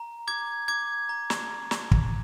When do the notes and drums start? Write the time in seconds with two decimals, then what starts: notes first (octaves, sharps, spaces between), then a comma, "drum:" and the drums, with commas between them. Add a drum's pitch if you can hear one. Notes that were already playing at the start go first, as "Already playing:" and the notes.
Already playing: A#5
0.27 D6 G#6
0.68 D6 G#6
1.09 A#5
1.30 drum: snare
1.71 drum: snare
1.91 drum: kick